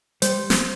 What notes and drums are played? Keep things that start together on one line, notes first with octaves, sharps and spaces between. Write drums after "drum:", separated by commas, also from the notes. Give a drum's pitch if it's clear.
G3 C5, drum: hi-hat
drum: snare